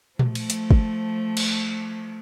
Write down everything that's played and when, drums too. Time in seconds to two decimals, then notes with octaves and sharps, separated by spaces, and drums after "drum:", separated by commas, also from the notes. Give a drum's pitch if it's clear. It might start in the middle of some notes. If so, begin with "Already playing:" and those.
0.19 F3 A3, drum: tom A#2
0.35 drum: cymbal
0.50 drum: hi-hat
0.71 drum: kick
1.37 drum: cymbal